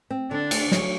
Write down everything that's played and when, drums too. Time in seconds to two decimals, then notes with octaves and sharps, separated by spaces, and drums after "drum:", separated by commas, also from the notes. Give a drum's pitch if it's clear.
0.10 C4
0.31 D3 D4
0.51 D2, drum: cymbal
0.72 F#3, drum: snare